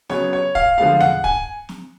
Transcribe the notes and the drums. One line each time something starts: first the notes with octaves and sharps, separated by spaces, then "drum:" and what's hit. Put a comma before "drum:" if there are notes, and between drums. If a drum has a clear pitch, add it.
C#3 F#3 B3 C#5, drum: snare
C#5
F5, drum: kick
D3 F3 G#3 B3 F5
F#5, drum: tom
G#5, drum: kick
drum: snare